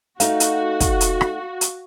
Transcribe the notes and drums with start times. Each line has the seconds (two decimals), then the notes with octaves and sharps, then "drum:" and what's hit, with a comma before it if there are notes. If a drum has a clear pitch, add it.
0.20 A3 D#4 F#4 F5, drum: hi-hat
0.40 drum: hi-hat
0.80 drum: kick, hi-hat
1.01 drum: hi-hat
1.21 drum: rim click
1.61 drum: hi-hat